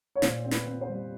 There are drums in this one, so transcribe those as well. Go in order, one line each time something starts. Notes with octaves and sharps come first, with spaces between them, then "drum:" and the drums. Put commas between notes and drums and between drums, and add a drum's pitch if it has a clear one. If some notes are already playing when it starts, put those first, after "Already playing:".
C#5
A#2 C5, drum: snare
C4
B4, drum: snare
C4
C5
G3